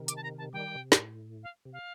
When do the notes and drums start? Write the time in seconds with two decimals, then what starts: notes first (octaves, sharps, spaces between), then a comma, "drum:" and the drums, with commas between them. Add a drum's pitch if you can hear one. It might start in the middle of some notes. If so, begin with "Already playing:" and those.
Already playing: C3 D#3
0.08 D6, drum: hi-hat
0.17 A5
0.24 A#5
0.38 A5
0.53 D#3 G3 G5
0.75 C3
0.92 G2, drum: snare
0.98 A2
1.43 F5
1.65 C3
1.73 F5